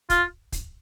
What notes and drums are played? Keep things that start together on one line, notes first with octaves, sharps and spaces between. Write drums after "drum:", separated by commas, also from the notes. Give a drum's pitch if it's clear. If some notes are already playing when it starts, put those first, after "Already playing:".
F4, drum: kick, hi-hat
drum: kick, hi-hat